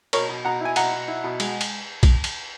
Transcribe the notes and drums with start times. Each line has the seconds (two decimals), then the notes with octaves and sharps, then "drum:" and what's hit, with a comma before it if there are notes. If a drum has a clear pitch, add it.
0.13 B2 A#4 C#5, drum: cymbal
0.29 B2
0.45 B2 F#5 A#5
0.61 E4 G#5
0.76 B2 F#5 A#5, drum: cymbal
0.92 B2
1.08 E4
1.24 B2
1.40 G#3, drum: cymbal
1.61 drum: cymbal
2.03 drum: kick, cymbal
2.24 drum: cymbal